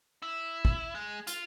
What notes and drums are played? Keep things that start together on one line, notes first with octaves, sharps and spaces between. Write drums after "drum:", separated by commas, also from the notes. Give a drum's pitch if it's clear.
E4
drum: kick
G#3
F4, drum: hi-hat